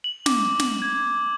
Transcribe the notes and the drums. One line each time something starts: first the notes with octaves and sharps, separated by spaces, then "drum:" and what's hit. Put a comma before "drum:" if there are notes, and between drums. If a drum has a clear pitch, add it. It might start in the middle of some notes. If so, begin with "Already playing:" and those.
F#7
D6, drum: snare
drum: snare
G#6